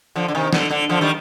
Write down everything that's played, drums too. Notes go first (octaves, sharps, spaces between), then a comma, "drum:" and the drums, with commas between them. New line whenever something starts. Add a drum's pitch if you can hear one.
D3 F3
D3
C3 D#3
D3, drum: snare
D3
D3 F3
D#3 G3